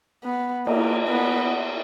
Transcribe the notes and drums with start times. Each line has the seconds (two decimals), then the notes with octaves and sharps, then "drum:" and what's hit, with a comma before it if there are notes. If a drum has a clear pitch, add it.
0.24 B3
0.67 A#3, drum: cymbal
1.08 B3